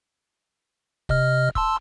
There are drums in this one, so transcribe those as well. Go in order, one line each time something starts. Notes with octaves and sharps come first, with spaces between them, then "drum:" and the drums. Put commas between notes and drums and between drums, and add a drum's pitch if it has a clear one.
C3 D#5 F6, drum: kick
A5 C6 E6, drum: kick